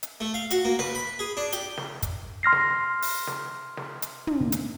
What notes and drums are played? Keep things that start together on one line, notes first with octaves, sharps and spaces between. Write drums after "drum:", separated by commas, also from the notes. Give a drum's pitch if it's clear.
drum: hi-hat
A3
F5
F#4, drum: hi-hat
A#3
B4, drum: snare
B5
G#4
D4
G4, drum: hi-hat
drum: snare
drum: kick, hi-hat
C6 F6 A#6 C7
drum: snare
drum: open hi-hat
drum: snare
drum: snare
drum: hi-hat
drum: tom
drum: hi-hat